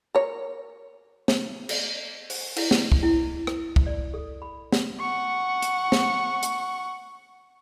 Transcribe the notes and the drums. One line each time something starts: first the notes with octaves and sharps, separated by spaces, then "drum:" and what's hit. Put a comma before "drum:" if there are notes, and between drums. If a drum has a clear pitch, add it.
A#4 C#5
drum: snare
drum: cymbal
C5, drum: open hi-hat
E4, drum: cymbal
B4, drum: snare
drum: kick
E4
A#4, drum: rim click
drum: kick
D5
A4
B5
drum: snare
F#5 C#6
drum: hi-hat
drum: snare
drum: hi-hat